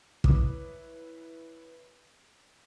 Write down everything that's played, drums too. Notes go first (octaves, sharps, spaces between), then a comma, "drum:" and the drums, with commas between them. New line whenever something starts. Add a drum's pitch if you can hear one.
E4 B4 C#5 D6 D#6, drum: kick